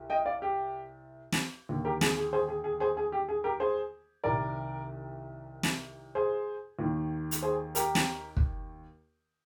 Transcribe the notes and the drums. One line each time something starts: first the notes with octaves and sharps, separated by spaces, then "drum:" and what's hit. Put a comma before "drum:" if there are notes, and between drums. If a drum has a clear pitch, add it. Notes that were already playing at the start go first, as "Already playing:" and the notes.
Already playing: C2
D#5 G5
D5 F5
G4
drum: snare
D#2 D3
G4 A#4
G#4, drum: snare
G#4
G#4 C5
G#4
G#4
G#4 C5
G#4
G4
G#4
G4 A#4
G#4 C5
C2 C3 D#3 A#4 D5
drum: snare
G#4 C5
D#2 D#3
drum: hi-hat
G#4 C5
G4 A#4, drum: hi-hat
drum: snare
drum: kick